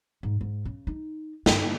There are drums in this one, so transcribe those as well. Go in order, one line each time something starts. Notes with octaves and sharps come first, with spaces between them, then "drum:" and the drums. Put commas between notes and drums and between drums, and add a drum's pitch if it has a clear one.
G#2
G#2
C#3
D#4
G2, drum: snare